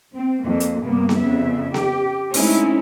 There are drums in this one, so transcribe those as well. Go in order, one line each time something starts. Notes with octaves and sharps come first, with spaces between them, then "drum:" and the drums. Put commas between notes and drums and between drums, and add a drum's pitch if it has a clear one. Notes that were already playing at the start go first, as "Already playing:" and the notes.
C4
F2 A#3
drum: hi-hat
G2 C3 A#3 B3
drum: snare B3
F2 C#3 B3 E5
G4, drum: snare B3
G#3 A3 C4 C#4 D#4 E4, drum: open hi-hat